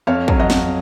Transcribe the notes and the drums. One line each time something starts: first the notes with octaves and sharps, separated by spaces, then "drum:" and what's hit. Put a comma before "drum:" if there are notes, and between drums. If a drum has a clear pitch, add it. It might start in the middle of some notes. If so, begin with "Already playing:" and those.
F2 C#5 F5
F#3, drum: kick
D#5 F#5
F2, drum: snare